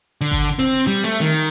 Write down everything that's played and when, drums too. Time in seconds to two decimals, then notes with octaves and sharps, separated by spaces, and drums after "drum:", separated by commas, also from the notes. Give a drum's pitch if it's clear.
0.21 D3
0.31 drum: kick G1
0.59 C4, drum: hi-hat
0.87 G3
1.04 A3
1.21 D#3, drum: hi-hat